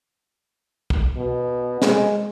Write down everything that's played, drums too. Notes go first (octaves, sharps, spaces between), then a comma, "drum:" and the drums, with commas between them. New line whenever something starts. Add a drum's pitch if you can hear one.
drum: kick
B2
G#3, drum: snare